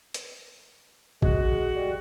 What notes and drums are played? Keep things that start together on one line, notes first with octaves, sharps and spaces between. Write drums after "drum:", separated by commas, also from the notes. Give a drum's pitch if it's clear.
drum: hi-hat
G#3 F#4, drum: kick
G3